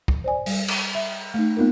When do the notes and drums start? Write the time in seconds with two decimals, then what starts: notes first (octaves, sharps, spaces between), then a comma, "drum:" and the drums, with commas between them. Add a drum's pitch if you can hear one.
0.08 drum: kick
0.24 C5 D5 G#5
0.46 G3, drum: open hi-hat
0.68 drum: cymbal
0.95 E5
1.34 A3 D#4
1.57 A#3 B3 D#4 F4 A#4